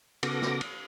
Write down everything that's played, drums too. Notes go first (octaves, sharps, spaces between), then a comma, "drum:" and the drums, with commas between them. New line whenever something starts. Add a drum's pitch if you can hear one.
C#3 B3 F#4 A4 D6 A#6, drum: cymbal
drum: snare
drum: cymbal